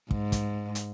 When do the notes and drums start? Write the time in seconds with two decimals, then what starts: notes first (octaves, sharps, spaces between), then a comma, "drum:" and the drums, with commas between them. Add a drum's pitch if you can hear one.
0.11 G#2, drum: kick
0.32 drum: kick, hi-hat
0.75 drum: hi-hat